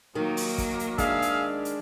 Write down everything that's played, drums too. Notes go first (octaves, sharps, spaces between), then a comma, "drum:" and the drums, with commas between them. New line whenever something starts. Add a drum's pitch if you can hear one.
D#3 F#3 A#3
drum: open hi-hat
drum: kick, hi-hat
drum: hi-hat
G#3 D4 G#4 E5 F5, drum: kick, hi-hat
drum: hi-hat
drum: hi-hat